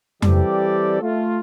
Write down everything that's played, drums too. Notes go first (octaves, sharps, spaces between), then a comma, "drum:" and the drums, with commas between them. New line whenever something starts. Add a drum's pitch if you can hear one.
E3 G3 C4 G4 A4 D5, drum: tom F2
A3 F4